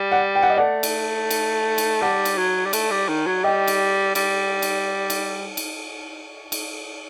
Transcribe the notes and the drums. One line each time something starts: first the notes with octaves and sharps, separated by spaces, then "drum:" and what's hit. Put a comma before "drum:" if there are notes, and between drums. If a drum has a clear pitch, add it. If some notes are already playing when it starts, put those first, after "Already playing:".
Already playing: G3
D5 F#5
G5
F#5
D#5
A3 D5 F#5
drum: cymbal
drum: cymbal
drum: cymbal
G3 F#5 A5
drum: cymbal
F#3
G3
A3, drum: cymbal
G3
D#3
F#3
G3 D#5 G5
drum: cymbal
G3, drum: cymbal
drum: cymbal
drum: cymbal
drum: cymbal
drum: cymbal